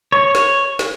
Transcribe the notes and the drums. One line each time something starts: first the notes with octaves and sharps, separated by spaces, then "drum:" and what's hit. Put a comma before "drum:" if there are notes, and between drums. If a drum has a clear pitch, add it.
C#5
drum: snare
drum: snare